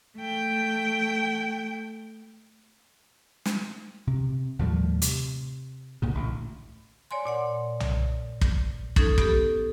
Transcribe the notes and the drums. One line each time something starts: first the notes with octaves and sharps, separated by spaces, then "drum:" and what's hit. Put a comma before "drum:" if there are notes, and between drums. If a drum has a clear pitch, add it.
A3 G5
drum: snare
C3
D#2 A2 F3 G3
C3, drum: hi-hat
C2 A#2 C#3
A1 D2
C#5 D5 G#5 C6
A#2 D5 F#5
drum: tom B1
drum: kick
C#4 D#4 A4 D#6 G#6 A6, drum: kick
B3 G4 A4, drum: kick